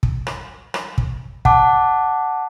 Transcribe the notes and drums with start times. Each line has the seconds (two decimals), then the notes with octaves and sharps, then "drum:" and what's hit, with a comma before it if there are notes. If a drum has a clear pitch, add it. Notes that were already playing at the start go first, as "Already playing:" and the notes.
0.03 drum: kick
0.27 drum: rim click
0.74 drum: rim click
0.98 drum: kick
1.45 F#5 A5 D6, drum: kick